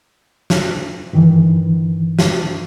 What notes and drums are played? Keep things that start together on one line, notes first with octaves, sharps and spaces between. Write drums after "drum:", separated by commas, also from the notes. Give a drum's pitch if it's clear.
drum: snare
G2 D#3 E3
drum: snare